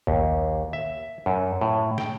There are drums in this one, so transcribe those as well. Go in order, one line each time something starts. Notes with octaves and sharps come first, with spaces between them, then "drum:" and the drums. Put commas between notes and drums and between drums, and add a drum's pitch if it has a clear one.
D#2, drum: kick A#1
E5
F#2
A2
G5, drum: snare